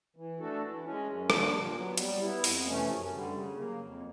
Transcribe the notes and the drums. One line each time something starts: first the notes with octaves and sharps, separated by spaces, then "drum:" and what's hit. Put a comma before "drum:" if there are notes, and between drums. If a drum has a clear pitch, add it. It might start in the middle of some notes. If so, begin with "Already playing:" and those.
E3
A3 D4 F#4 A4
E3
G#3 C#4
F#2
D3 G3 A#3 D4, drum: rim click
A#2
F#3 B3
G3, drum: hi-hat
B3 E4
F2, drum: open hi-hat
C3 E3 A3 C#4
F#2
D3 G3
C#3
F#3 A#3
F2